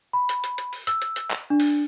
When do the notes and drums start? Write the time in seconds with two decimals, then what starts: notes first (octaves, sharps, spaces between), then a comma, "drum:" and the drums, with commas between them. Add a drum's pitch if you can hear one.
0.13 B5
0.29 drum: hi-hat
0.44 drum: hi-hat
0.58 drum: hi-hat
0.73 drum: open hi-hat
0.87 E6, drum: hi-hat
1.02 drum: hi-hat
1.16 drum: hi-hat
1.31 drum: clap
1.50 D4
1.60 drum: open hi-hat